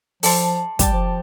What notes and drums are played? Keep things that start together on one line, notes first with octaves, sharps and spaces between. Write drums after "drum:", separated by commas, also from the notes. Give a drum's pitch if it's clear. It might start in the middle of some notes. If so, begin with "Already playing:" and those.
F3 A4 D5 A5 C6, drum: open hi-hat
G3 G4 D5 A5, drum: kick, hi-hat
F3